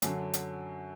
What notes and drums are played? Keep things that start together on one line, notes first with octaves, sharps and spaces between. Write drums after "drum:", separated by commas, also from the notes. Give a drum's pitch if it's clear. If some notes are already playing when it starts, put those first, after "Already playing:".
F#2 D3 F#3, drum: hi-hat
drum: hi-hat